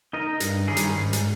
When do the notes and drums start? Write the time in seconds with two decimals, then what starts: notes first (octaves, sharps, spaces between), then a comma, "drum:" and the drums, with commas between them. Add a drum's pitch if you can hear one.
0.13 D#4 A#4 D#5
0.40 G2, drum: hi-hat
0.67 D#3 G3 C#4 G#4
0.77 drum: hi-hat
0.95 G#2
1.13 drum: hi-hat